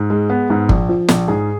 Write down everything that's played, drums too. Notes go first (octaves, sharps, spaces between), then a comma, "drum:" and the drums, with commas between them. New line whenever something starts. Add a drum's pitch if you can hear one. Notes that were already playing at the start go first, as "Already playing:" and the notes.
Already playing: G#2
G#3
B3
G#2
A#1, drum: kick G1
F3
A#1, drum: snare
G#2 G#4